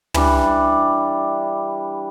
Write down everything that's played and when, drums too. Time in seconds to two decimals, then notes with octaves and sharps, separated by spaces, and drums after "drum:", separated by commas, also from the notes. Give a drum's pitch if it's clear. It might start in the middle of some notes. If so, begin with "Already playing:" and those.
0.14 E3 G3 D4, drum: tom